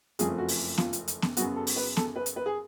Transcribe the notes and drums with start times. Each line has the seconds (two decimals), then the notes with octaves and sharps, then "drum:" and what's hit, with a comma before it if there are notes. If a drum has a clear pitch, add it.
0.19 F#1 F2 F3 A3 G#4, drum: hi-hat
0.38 F#4
0.48 drum: open hi-hat
0.78 F4, drum: snare
0.93 drum: hi-hat
1.08 drum: hi-hat
1.22 drum: snare
1.37 F#2 C#3 F#3 B3 F#4, drum: hi-hat
1.56 A4
1.67 drum: open hi-hat
1.76 B4
1.97 A4, drum: snare
2.16 B4
2.26 drum: hi-hat
2.36 B4
2.46 G#4